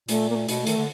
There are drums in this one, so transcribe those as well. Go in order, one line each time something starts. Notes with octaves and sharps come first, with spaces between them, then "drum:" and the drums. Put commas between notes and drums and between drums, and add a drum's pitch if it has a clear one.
A#2 A3, drum: hi-hat
A#3
A3
B2, drum: hi-hat
A3
D#3, drum: hi-hat
D3